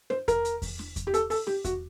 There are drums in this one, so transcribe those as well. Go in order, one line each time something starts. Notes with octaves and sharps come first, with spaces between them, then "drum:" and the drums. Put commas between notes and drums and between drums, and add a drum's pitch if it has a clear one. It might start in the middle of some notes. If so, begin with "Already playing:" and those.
C5, drum: snare
A#4, drum: kick E2, hi-hat
drum: hi-hat
drum: kick E2, open hi-hat
drum: snare
drum: kick E2, hi-hat
G4
A4, drum: hi-hat
A4, drum: open hi-hat
G4, drum: snare
F#4, drum: kick E2, hi-hat